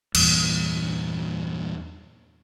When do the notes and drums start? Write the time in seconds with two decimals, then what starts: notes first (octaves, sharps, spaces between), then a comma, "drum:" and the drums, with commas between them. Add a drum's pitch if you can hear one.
0.15 E2 G2 A#2, drum: cymbal